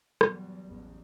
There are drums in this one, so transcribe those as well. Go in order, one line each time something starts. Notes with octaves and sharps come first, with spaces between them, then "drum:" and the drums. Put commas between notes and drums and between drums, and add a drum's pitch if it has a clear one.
E2 A#2 F#3 G3, drum: rim click
A1 E2